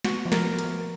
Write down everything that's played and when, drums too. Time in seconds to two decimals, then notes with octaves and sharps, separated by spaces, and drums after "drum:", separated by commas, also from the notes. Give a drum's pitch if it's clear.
0.05 B3 F#4, drum: snare
0.25 F3
0.32 A#4, drum: snare
0.44 B3
0.59 A#4, drum: hi-hat
0.64 F3